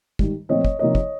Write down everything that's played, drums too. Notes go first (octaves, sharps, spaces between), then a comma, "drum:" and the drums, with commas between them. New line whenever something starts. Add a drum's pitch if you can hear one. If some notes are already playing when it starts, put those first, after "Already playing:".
G#2 D#3 G3, drum: kick
A#2 F3 A3 C4 C#5 D#5
drum: kick
C3 F3 A#3 D#4 C#5 D#5
drum: kick